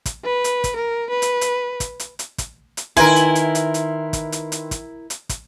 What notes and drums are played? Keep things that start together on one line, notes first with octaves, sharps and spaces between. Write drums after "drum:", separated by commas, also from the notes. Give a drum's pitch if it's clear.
drum: kick, hi-hat
B4
drum: hi-hat
drum: kick, hi-hat
A#4
B4
drum: hi-hat
drum: hi-hat
drum: kick, hi-hat
drum: hi-hat
drum: hi-hat
drum: kick, hi-hat
drum: hi-hat
D#3 E4 A#4 B4 G#5 C6, drum: kick, hi-hat
drum: hi-hat
drum: hi-hat
drum: hi-hat
drum: hi-hat
drum: kick, hi-hat
drum: hi-hat
drum: hi-hat
drum: kick, hi-hat
drum: hi-hat
drum: kick, hi-hat